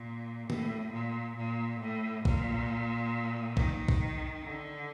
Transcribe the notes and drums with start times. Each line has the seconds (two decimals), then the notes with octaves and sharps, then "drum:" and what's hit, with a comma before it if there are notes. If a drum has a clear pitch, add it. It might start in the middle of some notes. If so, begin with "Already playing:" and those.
Already playing: A#2
0.50 A2, drum: tom
0.93 A#2
1.37 A#2
1.81 A2
2.25 A#2, drum: kick
3.57 D#3, drum: kick
3.88 drum: kick
4.43 D3